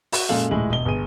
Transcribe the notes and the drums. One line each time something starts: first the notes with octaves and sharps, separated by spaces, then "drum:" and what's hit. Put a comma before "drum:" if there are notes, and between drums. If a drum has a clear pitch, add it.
F#4, drum: open hi-hat
F#2 A#2 G#3 A4 F5 F#7
D#1 A2 G#3 F#7
E1 D#5 G7
G1 G#4 D#7